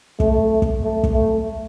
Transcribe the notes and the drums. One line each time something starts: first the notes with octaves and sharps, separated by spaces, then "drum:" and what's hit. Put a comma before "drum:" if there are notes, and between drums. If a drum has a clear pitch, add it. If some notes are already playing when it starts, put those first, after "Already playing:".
A3, drum: kick
drum: kick
A3
drum: kick
A3